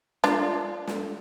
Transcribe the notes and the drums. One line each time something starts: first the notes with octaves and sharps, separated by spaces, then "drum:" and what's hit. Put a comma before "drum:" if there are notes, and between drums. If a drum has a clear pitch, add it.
D4 F4, drum: snare
drum: snare